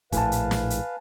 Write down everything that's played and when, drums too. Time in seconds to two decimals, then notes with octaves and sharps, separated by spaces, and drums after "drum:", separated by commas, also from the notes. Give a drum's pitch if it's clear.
0.12 A#1 A2 B4 F5 G#5 A5, drum: kick, hi-hat
0.32 drum: hi-hat
0.51 drum: snare
0.70 drum: hi-hat